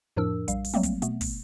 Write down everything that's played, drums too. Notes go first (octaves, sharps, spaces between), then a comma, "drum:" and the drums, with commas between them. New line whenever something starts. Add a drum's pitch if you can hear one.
F2 A2 F3 D4 A#4 E6
A#1 G3 F5, drum: hi-hat
drum: open hi-hat
F#3 G3 A3 A#3 C4
drum: kick, hi-hat
B2 A3 B3, drum: hi-hat
drum: kick, open hi-hat